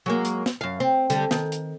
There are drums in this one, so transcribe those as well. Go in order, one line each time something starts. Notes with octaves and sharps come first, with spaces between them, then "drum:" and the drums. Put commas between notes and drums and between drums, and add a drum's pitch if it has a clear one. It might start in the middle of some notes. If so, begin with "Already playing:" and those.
F#3 G#3 A#3
drum: hi-hat
drum: snare
F#2 F5
C4
D3 G3, drum: hi-hat
D#3, drum: snare
drum: hi-hat